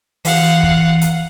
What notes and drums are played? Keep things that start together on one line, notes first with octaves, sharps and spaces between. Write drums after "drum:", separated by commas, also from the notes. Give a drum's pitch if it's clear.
E3 F5 F#5, drum: open hi-hat
drum: kick
drum: hi-hat